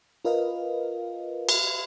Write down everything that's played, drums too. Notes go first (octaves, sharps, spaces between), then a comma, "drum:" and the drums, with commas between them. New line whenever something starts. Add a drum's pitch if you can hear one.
F4 A#4 B4 D#5 F5
drum: cymbal